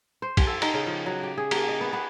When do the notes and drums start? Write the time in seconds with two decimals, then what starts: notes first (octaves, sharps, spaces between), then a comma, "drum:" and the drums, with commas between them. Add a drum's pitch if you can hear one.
0.22 C5
0.37 drum: kick, cymbal
0.47 A4
0.62 D#4, drum: cymbal
0.74 C#3
0.87 F3
1.06 F#3
1.23 G4
1.38 G#4
1.51 A#3, drum: cymbal
1.68 D#5
1.81 B3
1.93 B3